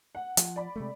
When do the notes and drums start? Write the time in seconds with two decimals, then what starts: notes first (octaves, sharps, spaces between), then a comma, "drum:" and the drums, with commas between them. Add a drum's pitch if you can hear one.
0.15 F#5
0.37 F3, drum: hi-hat
0.56 D5 B5
0.76 C3 G#3 A3